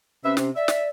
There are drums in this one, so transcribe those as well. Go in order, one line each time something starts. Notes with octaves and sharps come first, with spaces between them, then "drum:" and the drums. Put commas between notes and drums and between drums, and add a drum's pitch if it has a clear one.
C3 C#4 B4 E5
C3, drum: snare
D5 E5
drum: snare